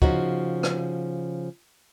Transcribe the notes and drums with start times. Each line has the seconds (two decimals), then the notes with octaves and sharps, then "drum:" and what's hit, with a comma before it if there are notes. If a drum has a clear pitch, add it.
0.02 C#3 F3 C#4 D#4 F#4, drum: kick
0.63 drum: rim click